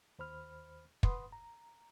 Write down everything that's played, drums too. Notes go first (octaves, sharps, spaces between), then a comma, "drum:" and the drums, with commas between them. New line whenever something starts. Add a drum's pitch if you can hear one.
D#2 C5 B5 F6
B4 F#5 B5 C6 D#6, drum: kick
A#5